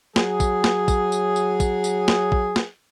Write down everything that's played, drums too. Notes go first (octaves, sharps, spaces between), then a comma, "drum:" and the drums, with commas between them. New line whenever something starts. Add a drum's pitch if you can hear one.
F#3 G#4, drum: snare
drum: kick, tambourine
drum: snare
drum: kick, tambourine
drum: tambourine
drum: tambourine
drum: kick, tambourine
drum: tambourine
drum: snare
drum: kick
drum: snare